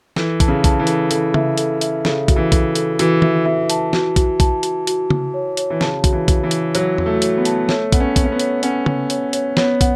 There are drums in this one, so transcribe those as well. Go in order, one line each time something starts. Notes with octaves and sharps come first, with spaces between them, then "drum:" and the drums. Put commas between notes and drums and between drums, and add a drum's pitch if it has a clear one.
E3 A4, drum: snare
A5, drum: kick, hi-hat
C#3
A5, drum: kick, hi-hat
E3
A4, drum: hi-hat
E3 A4, drum: hi-hat
E5, drum: tom C#3
A4, drum: hi-hat
E5, drum: hi-hat
C#3 A4, drum: snare
F#4, drum: kick, hi-hat
E3
A4, drum: kick, hi-hat
A4, drum: hi-hat
E3 F#4, drum: hi-hat
E5, drum: tom D#3
E3 E5
A5, drum: hi-hat
F#4, drum: snare
F#4, drum: kick, hi-hat
A5, drum: kick, hi-hat
F#4, drum: hi-hat
F#4, drum: hi-hat
F#4, drum: tom C#3
C#5
C#5, drum: hi-hat
E3
C#3 A5, drum: snare
F#4, drum: kick, hi-hat
E3
F#4, drum: kick, hi-hat
E3
F#4, drum: hi-hat
F#3 C#5, drum: hi-hat
F#4, drum: tom E2
A3
C#5, drum: hi-hat
B3
A5, drum: hi-hat
A3 C#5, drum: snare
B3 F#5, drum: kick, hi-hat
C#4
C#5, drum: kick, hi-hat
C#4
B3
C#5, drum: hi-hat
C#4 F#5, drum: hi-hat
C#5, drum: tom C#3
C#5, drum: hi-hat
C#5, drum: hi-hat
B3 C#5, drum: snare
F#5, drum: kick, hi-hat